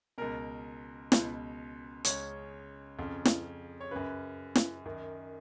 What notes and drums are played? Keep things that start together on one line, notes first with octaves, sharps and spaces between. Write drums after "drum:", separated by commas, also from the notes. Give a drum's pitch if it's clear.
C#2 B2 A#4
C#2 B2, drum: snare
C#2 C#3 C#5, drum: hi-hat
F2 C#3
drum: snare
C#5
F#2 C#3 B4
drum: snare
F#2 D#3